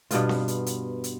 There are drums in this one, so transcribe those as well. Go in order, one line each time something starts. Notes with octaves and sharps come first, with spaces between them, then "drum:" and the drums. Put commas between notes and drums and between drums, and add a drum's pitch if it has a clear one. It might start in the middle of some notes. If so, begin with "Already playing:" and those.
G2 B2 B3 F4, drum: hi-hat
drum: snare C4
drum: hi-hat
drum: hi-hat
drum: hi-hat